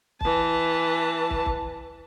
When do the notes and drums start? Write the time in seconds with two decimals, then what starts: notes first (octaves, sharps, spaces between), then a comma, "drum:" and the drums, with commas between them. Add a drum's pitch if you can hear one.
0.21 E3 A5, drum: kick
1.30 drum: kick
1.46 drum: kick